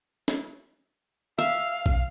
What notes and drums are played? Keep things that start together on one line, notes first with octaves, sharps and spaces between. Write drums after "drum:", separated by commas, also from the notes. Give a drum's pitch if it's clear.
drum: snare
E5 F5
drum: kick A#1